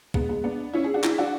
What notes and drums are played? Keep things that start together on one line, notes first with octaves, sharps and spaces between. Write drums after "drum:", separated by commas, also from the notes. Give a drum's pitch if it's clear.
G#3 B3, drum: kick
G#3 B3
B3 D4
C#4 E4
G#4
D4 F#4
E4 G#4, drum: clap
D4 F#4